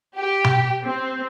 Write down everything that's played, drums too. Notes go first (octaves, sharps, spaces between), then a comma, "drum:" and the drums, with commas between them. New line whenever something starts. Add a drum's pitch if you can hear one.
G4
drum: tom B2
C4